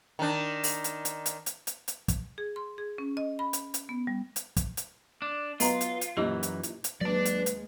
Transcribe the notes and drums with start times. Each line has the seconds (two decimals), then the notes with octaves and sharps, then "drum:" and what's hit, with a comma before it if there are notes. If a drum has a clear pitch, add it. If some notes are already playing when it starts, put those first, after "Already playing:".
0.19 D#3 D4
0.64 drum: open hi-hat
0.84 drum: hi-hat
1.05 drum: hi-hat
1.26 drum: hi-hat
1.46 drum: hi-hat
1.67 drum: hi-hat
1.88 drum: hi-hat
2.08 drum: kick, hi-hat
2.38 G#4
2.56 C6
2.78 G#4
2.98 C#4
3.17 D#5
3.39 B5
3.53 drum: hi-hat
3.74 drum: hi-hat
3.89 B3
4.07 G3
4.36 drum: hi-hat
4.57 drum: kick, hi-hat
4.77 drum: hi-hat
5.22 D4
5.60 F#3 B3 F4 D#5 A#5 C6, drum: open hi-hat
5.81 drum: hi-hat
6.01 drum: hi-hat
6.17 F#2 A#2 E3 D#4 E4 G4 D#5
6.43 drum: hi-hat
6.63 drum: hi-hat
6.84 drum: hi-hat
7.01 D#2 F#3 G#3 B4 D5 A5
7.25 drum: hi-hat
7.46 drum: hi-hat